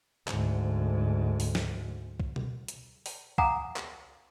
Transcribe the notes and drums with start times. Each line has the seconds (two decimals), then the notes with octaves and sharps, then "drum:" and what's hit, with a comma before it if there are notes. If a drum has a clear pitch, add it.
0.28 D2 G#2, drum: clap
1.40 drum: open hi-hat
1.55 drum: snare
2.20 drum: kick B1
2.36 drum: tom B2
2.68 drum: hi-hat
3.06 drum: open hi-hat
3.38 F5 F#5 G#5 A#5 D6 D#6, drum: kick B1
3.76 drum: clap